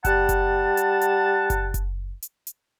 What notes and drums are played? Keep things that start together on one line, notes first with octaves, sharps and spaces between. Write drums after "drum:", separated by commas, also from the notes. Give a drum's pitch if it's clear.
G3 F#5 A5, drum: kick F#1, hi-hat
drum: kick F#1, hi-hat
drum: hi-hat
drum: hi-hat
drum: kick F#1, hi-hat
drum: kick F#1, hi-hat
drum: hi-hat
drum: hi-hat